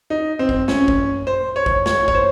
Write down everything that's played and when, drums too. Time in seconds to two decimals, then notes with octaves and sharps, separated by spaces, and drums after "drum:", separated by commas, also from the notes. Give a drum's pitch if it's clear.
0.10 D#4
0.39 C4
0.49 drum: kick G#1
0.68 C#4, drum: snare
0.88 drum: kick G#1
1.27 C5
1.56 C#5
1.66 drum: kick G#1
1.86 C#5, drum: snare
2.08 C#5, drum: kick G#1
2.15 C5